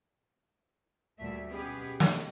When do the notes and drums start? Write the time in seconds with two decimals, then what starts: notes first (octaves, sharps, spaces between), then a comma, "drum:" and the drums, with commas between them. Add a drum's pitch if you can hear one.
1.19 D2 A#2 G3 A3 E5
1.48 B2 B3 C#4 G4 G#4 B4
2.00 C3 D#3 G3 D#4, drum: snare